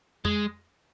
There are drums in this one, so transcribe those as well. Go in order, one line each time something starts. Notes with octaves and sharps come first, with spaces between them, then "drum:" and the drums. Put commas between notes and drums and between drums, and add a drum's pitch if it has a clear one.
G#3, drum: tom